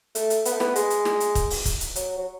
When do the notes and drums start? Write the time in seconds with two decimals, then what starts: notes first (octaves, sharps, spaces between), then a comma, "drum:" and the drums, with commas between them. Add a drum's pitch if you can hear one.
0.15 A3, drum: hi-hat
0.30 drum: hi-hat
0.45 B3, drum: hi-hat
0.53 A3
0.60 B3, drum: snare
0.76 G#3, drum: hi-hat
0.90 drum: hi-hat
1.05 drum: snare
1.20 drum: hi-hat
1.35 drum: kick, hi-hat
1.50 drum: open hi-hat
1.65 drum: kick, hi-hat
1.80 drum: hi-hat
1.96 F#3, drum: hi-hat
2.18 F#3